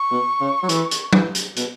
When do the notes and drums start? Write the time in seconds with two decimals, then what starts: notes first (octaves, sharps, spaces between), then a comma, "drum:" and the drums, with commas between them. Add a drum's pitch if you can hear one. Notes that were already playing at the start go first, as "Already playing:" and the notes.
Already playing: C#6
0.11 B2
0.41 C#3
0.63 F#3
0.69 E3, drum: hi-hat
0.91 drum: hi-hat
1.13 E3, drum: tom F#3
1.35 drum: hi-hat
1.57 B2, drum: hi-hat